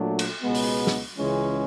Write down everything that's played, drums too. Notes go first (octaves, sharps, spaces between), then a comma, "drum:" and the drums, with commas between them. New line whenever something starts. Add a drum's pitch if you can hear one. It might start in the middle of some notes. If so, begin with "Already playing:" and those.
Already playing: A#2 F#3 A3 D4
drum: cymbal
C#2 B2 G#3 B3
drum: open hi-hat
drum: snare
C#2 C#3 E3 G#3 C#4